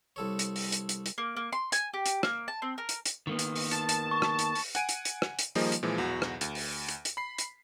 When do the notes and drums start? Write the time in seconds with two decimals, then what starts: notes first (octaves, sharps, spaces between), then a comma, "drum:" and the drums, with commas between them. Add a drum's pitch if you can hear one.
0.16 C2 A4 C#5
0.39 drum: hi-hat
0.56 drum: open hi-hat
0.72 drum: hi-hat
0.89 drum: hi-hat
1.06 drum: hi-hat
1.18 A#3
1.37 A#3
1.53 C6
1.72 G#5, drum: hi-hat
1.94 G4
2.06 drum: hi-hat
2.23 A#3, drum: rim click
2.48 A5
2.62 C4
2.78 A#4
2.89 drum: hi-hat
3.06 drum: hi-hat
3.27 D#3 A#3 B3
3.39 drum: hi-hat
3.55 drum: open hi-hat
3.71 A5, drum: hi-hat
3.89 drum: hi-hat
4.11 C#6
4.22 drum: rim click
4.39 drum: hi-hat
4.55 drum: open hi-hat
4.75 F#5 G#5 D7 D#7, drum: hi-hat
4.89 drum: hi-hat
5.05 drum: hi-hat
5.22 drum: rim click
5.39 drum: hi-hat
5.55 D#3 F3 G3 A#3 G#4 D#5, drum: open hi-hat
5.72 drum: hi-hat
5.83 A#2 E3 F3 G#3
5.98 B1 E2 F#4
6.22 drum: rim click
6.41 D2, drum: hi-hat
6.55 drum: open hi-hat
6.88 drum: hi-hat
7.05 drum: hi-hat
7.17 B5 B6 C7
7.38 drum: hi-hat